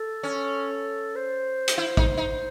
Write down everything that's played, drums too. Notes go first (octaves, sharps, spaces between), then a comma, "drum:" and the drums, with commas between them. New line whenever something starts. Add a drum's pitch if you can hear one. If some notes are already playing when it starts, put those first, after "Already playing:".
Already playing: A4
C#4
C5
drum: hi-hat
E4 C5
D#4, drum: kick
D#4